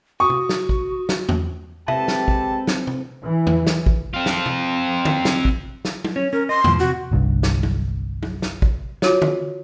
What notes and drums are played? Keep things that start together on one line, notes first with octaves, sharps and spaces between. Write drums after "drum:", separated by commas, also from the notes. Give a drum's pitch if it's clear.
F#4 C#6 D#6
drum: tom C3
drum: snare
drum: kick
drum: snare
drum: tom E2
G#3 C4 G4 A4 B4 E5 A5, drum: tom C3
drum: snare
drum: kick
drum: snare
drum: tom C3
E3
drum: tom E2
drum: snare
drum: kick
C4 F4
drum: snare
drum: tom C3
drum: tom D3
drum: snare
drum: kick
drum: snare
drum: tom
C#4 C#5
C#4 A#4
D#5 C6
G#2 B2 F3, drum: tom E2
C3 F#4
G1 C2 G2
drum: snare
drum: tom
drum: tom
drum: snare
drum: kick
F4 F#4 C#5, drum: snare
drum: tom D3